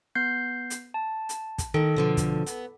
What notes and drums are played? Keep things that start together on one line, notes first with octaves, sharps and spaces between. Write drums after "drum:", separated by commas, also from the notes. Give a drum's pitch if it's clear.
B3 G6 C7
drum: hi-hat
A5
drum: hi-hat
drum: kick, hi-hat
D#3 A#3 A4
B2 D3 F3
drum: kick, hi-hat
B3, drum: hi-hat